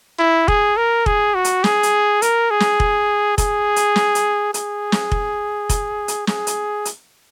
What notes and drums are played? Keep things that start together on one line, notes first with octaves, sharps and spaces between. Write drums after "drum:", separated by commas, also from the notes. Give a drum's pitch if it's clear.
E4
G#4, drum: kick F1
A#4
G#4, drum: kick F1
F#4
drum: hi-hat
G#4, drum: snare
drum: hi-hat
A#4, drum: hi-hat
G#4
drum: snare
drum: kick F1
G#4, drum: kick F1, hi-hat
drum: hi-hat
drum: snare
drum: hi-hat
G#4, drum: hi-hat
drum: snare
drum: kick F1
drum: kick F1, hi-hat
drum: hi-hat
G#4, drum: snare
drum: hi-hat
drum: hi-hat